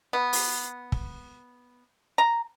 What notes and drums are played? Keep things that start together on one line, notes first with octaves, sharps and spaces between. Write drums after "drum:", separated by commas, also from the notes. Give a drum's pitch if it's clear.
B3
drum: open hi-hat
drum: kick
A#5